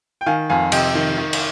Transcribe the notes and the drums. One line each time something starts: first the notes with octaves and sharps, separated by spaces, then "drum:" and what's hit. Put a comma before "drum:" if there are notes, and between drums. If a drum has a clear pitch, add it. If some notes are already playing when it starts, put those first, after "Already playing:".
G5
D#3 F5 G#5
F2 F5 G#5
C3 D#5 G5, drum: cymbal
D#3
D#3
drum: cymbal